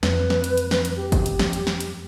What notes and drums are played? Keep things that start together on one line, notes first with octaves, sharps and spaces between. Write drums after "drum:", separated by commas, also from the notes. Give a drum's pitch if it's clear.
F2 B4, drum: snare
drum: snare
drum: hi-hat
drum: hi-hat
drum: snare
drum: hi-hat
G4
drum: kick G1, hi-hat
drum: hi-hat
drum: snare
drum: hi-hat
drum: snare
drum: hi-hat